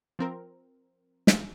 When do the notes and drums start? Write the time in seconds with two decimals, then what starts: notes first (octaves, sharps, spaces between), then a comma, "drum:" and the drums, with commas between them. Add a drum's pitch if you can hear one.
0.19 F3 C4 A#4
1.27 drum: snare